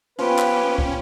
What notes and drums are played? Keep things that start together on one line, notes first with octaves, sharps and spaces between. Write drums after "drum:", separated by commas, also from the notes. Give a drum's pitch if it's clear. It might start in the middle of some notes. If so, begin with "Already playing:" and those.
F3 B3 C#4 G4 B4
drum: clap
drum: kick C2